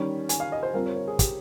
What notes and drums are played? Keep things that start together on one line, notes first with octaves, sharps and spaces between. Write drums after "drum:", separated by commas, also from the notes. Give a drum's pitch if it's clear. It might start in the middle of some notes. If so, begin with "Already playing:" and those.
Already playing: D#3 G3 C#4
G#5, drum: hi-hat
F5
D#5
C5
G3 C4 F4 A#4
C#5
C#5
G#4
G4, drum: kick, hi-hat